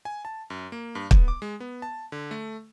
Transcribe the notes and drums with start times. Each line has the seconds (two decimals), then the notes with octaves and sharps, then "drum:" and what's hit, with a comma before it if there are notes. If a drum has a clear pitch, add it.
0.05 G#5
0.25 A5
0.50 F#2
0.72 A#3
0.95 G2
1.11 B3, drum: kick
1.28 D6
1.42 G#3
1.60 B3
1.82 A5
2.12 D3
2.31 A3